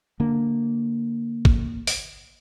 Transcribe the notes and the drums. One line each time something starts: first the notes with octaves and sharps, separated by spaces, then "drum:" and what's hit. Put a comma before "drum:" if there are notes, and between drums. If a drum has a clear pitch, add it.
D3 A#3
drum: kick G#1
drum: open hi-hat